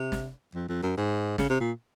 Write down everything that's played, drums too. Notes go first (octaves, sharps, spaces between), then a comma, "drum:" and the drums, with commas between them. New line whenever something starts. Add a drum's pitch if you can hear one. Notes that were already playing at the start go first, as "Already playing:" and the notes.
Already playing: C3
drum: snare
F2
F2
F#2
G#2
C#3, drum: snare
C3
A#2